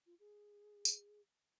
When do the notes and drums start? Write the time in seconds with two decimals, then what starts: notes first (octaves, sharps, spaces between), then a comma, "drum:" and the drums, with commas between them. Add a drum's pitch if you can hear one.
0.06 F4
0.20 G#4
0.85 drum: tambourine